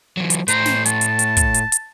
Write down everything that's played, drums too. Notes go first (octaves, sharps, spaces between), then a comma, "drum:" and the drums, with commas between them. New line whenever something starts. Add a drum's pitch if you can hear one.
E3 F#3
drum: hi-hat
A2 C5 A#5, drum: hi-hat
drum: snare
A5, drum: hi-hat
drum: hi-hat
drum: hi-hat
drum: kick, hi-hat
drum: hi-hat
drum: hi-hat